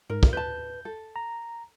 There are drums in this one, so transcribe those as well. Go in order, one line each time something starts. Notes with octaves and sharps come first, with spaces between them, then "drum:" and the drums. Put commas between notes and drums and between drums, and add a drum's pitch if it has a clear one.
G#2 A#4
drum: kick
B4 A5 G6
A4
A#5